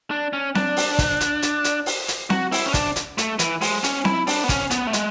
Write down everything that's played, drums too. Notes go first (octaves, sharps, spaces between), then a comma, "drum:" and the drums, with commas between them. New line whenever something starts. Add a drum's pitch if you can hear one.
D4
C#4
D4, drum: snare C4
drum: open hi-hat
drum: kick, hi-hat
drum: hi-hat
drum: hi-hat
drum: hi-hat
drum: open hi-hat
drum: hi-hat
F#4, drum: snare C4
E4, drum: open hi-hat
C#4
D4, drum: kick, hi-hat
drum: hi-hat
A3, drum: hi-hat
E3, drum: hi-hat
G#3, drum: open hi-hat
C#4, drum: hi-hat
E4, drum: snare C4
D4, drum: open hi-hat
B3
C#4, drum: kick, hi-hat
B3, drum: hi-hat
A3
G#3, drum: hi-hat